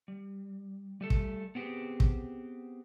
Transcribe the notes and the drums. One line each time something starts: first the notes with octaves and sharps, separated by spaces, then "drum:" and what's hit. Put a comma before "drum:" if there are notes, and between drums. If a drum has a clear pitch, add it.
G3
G3 A3 A4
drum: kick
B3 C4 G4 G#4 B4
drum: kick